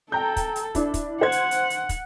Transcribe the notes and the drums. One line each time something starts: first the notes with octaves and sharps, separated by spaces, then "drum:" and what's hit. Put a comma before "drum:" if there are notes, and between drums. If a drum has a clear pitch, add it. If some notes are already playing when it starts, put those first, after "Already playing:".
A4 G5 A#5 G6
drum: kick, hi-hat
drum: hi-hat
D4 E4, drum: kick, hi-hat
drum: kick, hi-hat
C5 F#5 G#6
drum: hi-hat
drum: hi-hat
drum: hi-hat
drum: kick, hi-hat